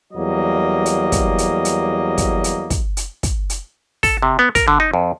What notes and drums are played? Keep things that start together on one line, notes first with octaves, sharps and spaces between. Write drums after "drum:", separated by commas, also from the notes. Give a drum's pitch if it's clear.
E2 F#3 G3 A#3 D#5
drum: hi-hat
drum: kick, hi-hat
drum: hi-hat
drum: hi-hat
drum: kick, hi-hat
drum: hi-hat
drum: kick, hi-hat
drum: hi-hat
drum: kick, hi-hat
drum: hi-hat
A4, drum: kick, open hi-hat
C3
B3
A#4, drum: kick, hi-hat
D3
D#4
F2